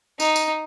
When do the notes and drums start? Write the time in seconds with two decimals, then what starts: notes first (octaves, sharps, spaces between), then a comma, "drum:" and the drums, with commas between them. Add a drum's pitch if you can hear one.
0.20 D#4, drum: tambourine
0.36 drum: tambourine